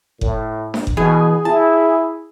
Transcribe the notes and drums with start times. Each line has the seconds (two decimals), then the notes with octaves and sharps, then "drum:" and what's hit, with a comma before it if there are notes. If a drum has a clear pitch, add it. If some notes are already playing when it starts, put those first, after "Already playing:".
0.21 A2, drum: kick F#1
0.74 drum: snare D4
0.87 drum: kick F#1
0.97 B2 E3 G#4
1.45 E4 A5